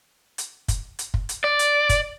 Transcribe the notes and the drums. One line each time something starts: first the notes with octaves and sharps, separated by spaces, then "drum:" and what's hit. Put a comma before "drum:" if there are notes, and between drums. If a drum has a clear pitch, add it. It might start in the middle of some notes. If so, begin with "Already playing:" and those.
drum: hi-hat
drum: kick, hi-hat
drum: hi-hat
drum: kick
drum: hi-hat
D5
drum: hi-hat
drum: kick, hi-hat